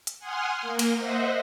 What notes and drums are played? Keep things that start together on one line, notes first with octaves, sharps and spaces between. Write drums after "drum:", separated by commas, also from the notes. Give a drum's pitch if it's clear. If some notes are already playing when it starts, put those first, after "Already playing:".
drum: hi-hat
F#5 G#5 C6 D#6 F6
A#3
drum: cymbal
C5 D#5 E5 F#5